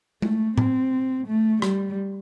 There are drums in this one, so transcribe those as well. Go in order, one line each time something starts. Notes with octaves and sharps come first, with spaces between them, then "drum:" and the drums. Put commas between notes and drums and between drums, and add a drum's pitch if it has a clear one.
A3, drum: tom
C4, drum: tom A2
A3
G3, drum: rim click